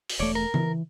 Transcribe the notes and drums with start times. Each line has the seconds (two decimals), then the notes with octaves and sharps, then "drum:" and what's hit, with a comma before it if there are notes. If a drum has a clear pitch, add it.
0.10 drum: open hi-hat
0.20 E1 A3 C#5 D5
0.35 A#4
0.54 E3, drum: tom C#3